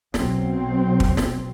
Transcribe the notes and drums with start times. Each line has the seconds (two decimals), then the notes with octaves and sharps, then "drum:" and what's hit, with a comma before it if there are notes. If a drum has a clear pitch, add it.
0.14 B1 B2 F#3 C4, drum: snare
1.00 drum: kick
1.17 drum: snare